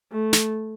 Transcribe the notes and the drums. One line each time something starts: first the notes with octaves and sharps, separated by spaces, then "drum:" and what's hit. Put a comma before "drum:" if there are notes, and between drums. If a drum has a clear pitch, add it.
A3
drum: snare